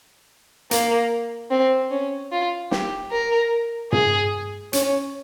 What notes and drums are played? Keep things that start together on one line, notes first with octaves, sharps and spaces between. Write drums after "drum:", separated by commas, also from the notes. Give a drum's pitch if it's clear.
A#3, drum: hi-hat
C4
C#4
F4
G4, drum: snare
A#4
G#4, drum: tom
C#4, drum: hi-hat